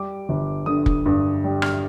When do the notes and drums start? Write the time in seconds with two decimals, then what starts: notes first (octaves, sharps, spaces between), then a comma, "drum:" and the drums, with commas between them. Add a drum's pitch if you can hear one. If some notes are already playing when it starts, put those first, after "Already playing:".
Already playing: G3 D6
0.29 G1
0.66 D3 D#6
0.86 drum: kick
1.06 G2
1.44 G3
1.62 F6, drum: rim click